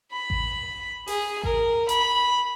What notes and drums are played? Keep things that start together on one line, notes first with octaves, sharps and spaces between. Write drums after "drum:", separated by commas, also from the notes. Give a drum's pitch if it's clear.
B5
drum: kick A1
G#4, drum: open hi-hat
A#4, drum: kick A1
B5, drum: hi-hat